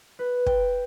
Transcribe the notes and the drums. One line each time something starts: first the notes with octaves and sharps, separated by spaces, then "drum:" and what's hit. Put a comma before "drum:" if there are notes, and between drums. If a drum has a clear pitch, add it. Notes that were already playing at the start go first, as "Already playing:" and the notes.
B4
G5, drum: kick